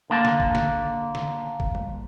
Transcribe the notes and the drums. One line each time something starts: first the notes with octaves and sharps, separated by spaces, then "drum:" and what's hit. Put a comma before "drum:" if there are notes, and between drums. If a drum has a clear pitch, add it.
D3 A#3 A5
drum: snare
drum: kick
drum: snare
drum: snare
drum: kick
drum: tom